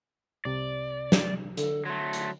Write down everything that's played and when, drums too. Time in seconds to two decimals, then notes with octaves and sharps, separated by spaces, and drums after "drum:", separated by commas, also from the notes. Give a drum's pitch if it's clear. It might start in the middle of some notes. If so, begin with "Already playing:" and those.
0.45 C2 C3 D5
1.12 drum: snare
1.57 D3 A4, drum: hi-hat
1.86 F#3 A3 C6
2.13 drum: hi-hat